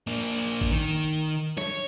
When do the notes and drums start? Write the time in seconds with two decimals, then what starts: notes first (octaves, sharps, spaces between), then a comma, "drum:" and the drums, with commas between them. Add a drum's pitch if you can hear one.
0.07 A#3 D4
0.61 drum: kick G#1
0.71 D#3
1.57 C#5, drum: snare